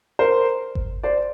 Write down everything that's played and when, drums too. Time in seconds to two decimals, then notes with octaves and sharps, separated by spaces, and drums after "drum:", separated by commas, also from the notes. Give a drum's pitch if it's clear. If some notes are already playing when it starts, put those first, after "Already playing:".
0.19 A#4 C5
0.75 drum: kick G1
1.03 C5 D5